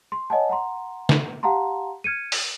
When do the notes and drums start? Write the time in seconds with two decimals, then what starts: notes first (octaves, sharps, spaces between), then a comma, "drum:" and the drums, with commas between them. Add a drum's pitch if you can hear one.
0.12 C6
0.30 C#5 D#5 F#5 G#5 A5
0.49 F#5 A#5 C6
1.09 drum: snare
1.43 G4 F5 F#5 A5 A#5 C6
2.04 F6 G#6 C#7 D#7
2.32 drum: open hi-hat